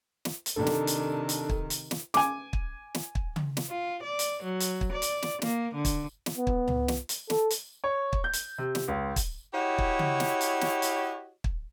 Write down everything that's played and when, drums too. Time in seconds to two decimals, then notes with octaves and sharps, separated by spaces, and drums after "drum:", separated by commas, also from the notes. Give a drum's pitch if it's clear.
0.25 drum: snare
0.46 drum: hi-hat
0.56 C3 D#3 D4 A4
0.67 drum: snare
0.87 drum: hi-hat
1.29 drum: hi-hat
1.49 drum: kick
1.70 drum: hi-hat
1.91 drum: snare
2.14 G#5 D6, drum: snare
2.53 drum: kick
2.95 drum: snare
3.15 drum: kick
3.36 drum: tom C#3
3.57 drum: snare
3.69 F4
4.03 D5
4.19 drum: hi-hat
4.43 F#3
4.60 drum: hi-hat
4.81 drum: kick
4.92 D5
5.02 drum: hi-hat
5.22 drum: snare
5.42 A#3, drum: snare
5.74 D3
5.85 drum: kick, hi-hat
6.26 drum: snare
6.37 B3
6.47 drum: kick
6.68 drum: tom C#2
6.88 drum: snare
7.09 drum: hi-hat
7.30 A4, drum: snare
7.50 drum: hi-hat
7.84 C#5
8.13 drum: kick
8.24 G6
8.33 drum: hi-hat
8.58 C3
8.75 drum: snare
8.88 C#2
9.16 drum: kick, hi-hat
9.54 E4 F#4 G4 C#5 D#5
9.78 drum: kick
9.99 drum: tom C#3
10.20 drum: snare
10.41 drum: hi-hat
10.61 drum: snare
10.82 drum: hi-hat
11.44 drum: kick